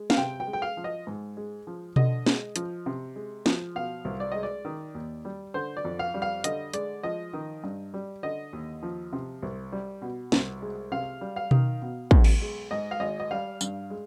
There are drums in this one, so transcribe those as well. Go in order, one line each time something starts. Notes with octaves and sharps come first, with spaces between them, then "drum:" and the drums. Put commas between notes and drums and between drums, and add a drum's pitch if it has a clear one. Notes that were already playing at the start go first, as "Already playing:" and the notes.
Already playing: G#3
F5, drum: snare
C3 G5
G5
G#3
G5
F5
F3
D#5
G#2
G#3
F3
D3 D#5, drum: tom B2
G#3, drum: snare
F3, drum: hi-hat
C3
G#3
F3, drum: snare
B2 F5
C2
D5
G#3 D#5
D5
D#3
D#2
G3
D3 C5
D5
F2
F5
G3
F5
D3 D#5, drum: hi-hat
G#3 D5, drum: hi-hat
F3 D#5
D#3
G2
G3
D3 D#5
D#2
F3
C3
C2
G3
B2
C2, drum: snare
G#3
C3 F5
G3
F5
D#3, drum: tom B2
B2
B1, drum: kick
drum: cymbal
G#3
G#2 D#5
F5
G#1 D#5
D#5
G3 F5
G2, drum: tambourine
G#3